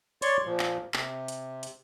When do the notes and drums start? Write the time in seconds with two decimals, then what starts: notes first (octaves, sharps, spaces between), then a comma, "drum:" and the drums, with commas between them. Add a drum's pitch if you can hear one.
0.22 C#5 D5 C6 C#6, drum: hi-hat
0.45 A#2 F3
0.59 drum: clap
0.94 C3, drum: clap
1.28 drum: hi-hat
1.63 drum: hi-hat